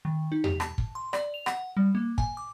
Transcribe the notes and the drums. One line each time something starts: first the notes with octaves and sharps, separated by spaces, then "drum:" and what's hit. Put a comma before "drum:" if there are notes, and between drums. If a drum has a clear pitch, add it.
D#3
D#4
G4, drum: tom E2
A5, drum: rim click
drum: kick
C6
D5, drum: rim click
F7
F#5, drum: rim click
G3
A#3
G#5, drum: kick
D6